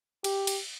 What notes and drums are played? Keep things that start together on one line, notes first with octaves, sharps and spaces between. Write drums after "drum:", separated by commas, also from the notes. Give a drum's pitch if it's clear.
G4, drum: cymbal
drum: cymbal